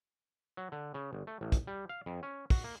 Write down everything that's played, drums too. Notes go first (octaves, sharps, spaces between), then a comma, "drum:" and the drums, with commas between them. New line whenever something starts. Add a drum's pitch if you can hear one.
F#3
D3
C#3
G1
A3
A1
drum: kick, hi-hat
G3
F5
F2
C#4
F#4, drum: kick, open hi-hat
A#3